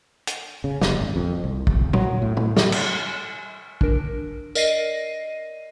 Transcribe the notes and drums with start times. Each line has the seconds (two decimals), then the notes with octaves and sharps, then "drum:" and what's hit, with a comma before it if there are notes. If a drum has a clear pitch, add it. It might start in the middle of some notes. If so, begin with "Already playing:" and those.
0.27 drum: hi-hat
0.64 C#3
0.82 F#1, drum: snare
0.98 G#1
1.16 F2
1.44 C2
1.67 E1, drum: kick
1.93 F#3, drum: tom A#2
2.22 A2
2.37 A2, drum: tom
2.57 drum: snare
2.72 drum: cymbal
3.81 D4 A#4, drum: kick
4.55 A#4 D5 D#5 A#6 C7 D#7, drum: tambourine